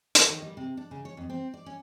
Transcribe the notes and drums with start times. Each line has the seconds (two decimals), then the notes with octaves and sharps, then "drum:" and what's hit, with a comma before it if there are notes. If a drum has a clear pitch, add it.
0.15 D3, drum: hi-hat
0.29 D#3
0.42 G3
0.57 C3
0.77 D4
0.91 C#3
1.05 C#5
1.17 F2
1.30 C4
1.54 D5
1.66 C#4